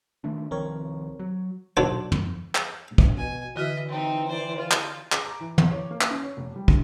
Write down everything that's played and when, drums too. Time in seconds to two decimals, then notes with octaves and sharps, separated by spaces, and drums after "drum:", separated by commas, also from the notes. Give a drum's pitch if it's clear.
0.24 D#3 A3 D4
0.51 C2 D#3 F3 C4 A#4 C#5
1.19 F#3
1.77 B1 D3 F#3 D4 A4 C5
2.12 drum: tom
2.55 drum: clap
2.98 drum: kick
3.17 B2 G#5
3.56 D3 E3 F#4 D#5 E5 F6
3.88 C4 D#4
4.28 C5 D5
4.58 F4
4.71 drum: clap
5.12 D6, drum: clap
5.25 A#5
5.40 E3
5.58 E2, drum: tom
5.71 C#5
5.91 A#3
6.01 drum: clap
6.10 C#4
6.23 C#5
6.37 F1
6.56 G3
6.68 D3, drum: kick